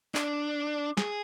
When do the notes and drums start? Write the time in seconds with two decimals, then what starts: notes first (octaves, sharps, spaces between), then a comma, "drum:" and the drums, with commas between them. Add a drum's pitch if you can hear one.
0.15 D4, drum: clap
0.97 G#4, drum: snare